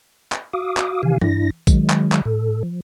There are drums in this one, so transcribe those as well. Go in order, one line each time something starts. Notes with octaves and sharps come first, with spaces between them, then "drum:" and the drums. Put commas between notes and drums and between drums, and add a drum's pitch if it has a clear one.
drum: clap
F#4 F5 D6 D#6
drum: clap
C3 D#3 E3 G4 F5 G#5
G2 D4 E4 A#6, drum: tom E3
D#3 F#3 G#3, drum: kick A#1, tambourine
drum: clap
drum: clap
A2 A4
F3